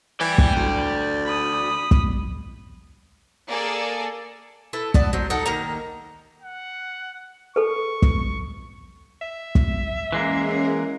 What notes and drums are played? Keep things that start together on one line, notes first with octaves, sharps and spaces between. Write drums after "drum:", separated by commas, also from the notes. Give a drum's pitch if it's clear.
E3 D5 G5
drum: kick
D2
B5 D#6
drum: kick
A#3 G#4 A4 D5
E4 A4 B4
B3 D5 A5, drum: kick
F#3 C5
D#4 A4 A#4 F#5
D#3 A#3 A#5
F#5
A4 B4 C#6
drum: kick
E5
drum: kick
E3 G#3 A#3 C#4 G#4 A#4